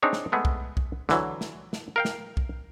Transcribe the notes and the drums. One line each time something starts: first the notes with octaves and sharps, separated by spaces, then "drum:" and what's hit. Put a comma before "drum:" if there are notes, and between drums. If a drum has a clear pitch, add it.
C4 D4 D#4 G#4 C#5
drum: snare
G#3 A3 B3 G#4
drum: kick B1
drum: kick B1
D3 E3 F#3, drum: snare
drum: snare
drum: snare
A#4 F5 G5
drum: snare
drum: kick B1